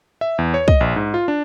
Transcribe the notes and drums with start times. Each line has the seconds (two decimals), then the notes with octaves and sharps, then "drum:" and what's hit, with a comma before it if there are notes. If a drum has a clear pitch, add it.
0.21 E5
0.38 E2
0.54 C#5
0.68 D#5, drum: kick
0.81 A#1
0.96 G#2
1.14 F4
1.28 D4